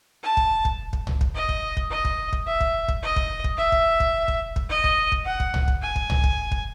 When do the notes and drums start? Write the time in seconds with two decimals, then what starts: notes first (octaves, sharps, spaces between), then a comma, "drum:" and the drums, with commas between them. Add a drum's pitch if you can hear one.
0.23 A5
0.37 drum: kick
0.65 drum: kick
0.93 drum: kick
1.07 drum: tom
1.21 drum: kick
1.35 D#5
1.49 drum: kick
1.77 drum: kick
1.91 D#5
2.05 drum: kick
2.33 drum: kick
2.46 E5
2.61 drum: kick
2.88 drum: kick
3.02 D#5
3.16 drum: kick
3.44 drum: kick
3.58 E5
3.72 drum: kick
4.00 drum: kick
4.28 drum: kick
4.56 drum: kick
4.70 D#5
4.84 drum: kick
5.12 drum: kick
5.25 F#5
5.40 drum: kick
5.54 drum: tom
5.68 drum: kick
5.82 G#5
5.96 drum: kick
6.10 drum: tom
6.24 drum: kick
6.52 drum: kick